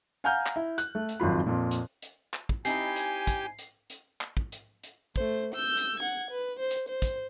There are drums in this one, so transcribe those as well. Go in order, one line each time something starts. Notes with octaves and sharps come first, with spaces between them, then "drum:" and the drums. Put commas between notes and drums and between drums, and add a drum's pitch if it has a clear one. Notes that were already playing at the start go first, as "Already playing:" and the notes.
F5 F#5 G#5 A#5 F6 G6
drum: clap
E4
F#6, drum: hi-hat
A3
drum: hi-hat
G#1 F2 F#3 F4 B5
F2 A#2
drum: hi-hat
drum: hi-hat
drum: clap
drum: kick
C4 D#4 E4 G4 G#5 C7, drum: hi-hat
drum: hi-hat
drum: kick, hi-hat
drum: hi-hat
drum: hi-hat
drum: clap
drum: kick
drum: hi-hat
drum: hi-hat
A3 C5, drum: kick
E6 G6
drum: hi-hat
F#5 G#6
B4
C5
drum: hi-hat
C5
drum: kick, hi-hat